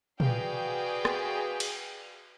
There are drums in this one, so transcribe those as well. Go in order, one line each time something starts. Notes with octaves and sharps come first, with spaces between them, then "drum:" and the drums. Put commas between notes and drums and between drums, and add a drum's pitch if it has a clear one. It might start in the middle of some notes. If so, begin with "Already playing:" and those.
F#4 G#4 B4 D5 F5 G5, drum: tom
drum: rim click
drum: cymbal